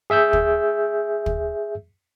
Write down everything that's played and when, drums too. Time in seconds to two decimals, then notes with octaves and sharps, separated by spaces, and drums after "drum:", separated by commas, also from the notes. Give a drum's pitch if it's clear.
0.10 G#4 E5 E6 G6
0.33 drum: kick
1.26 drum: kick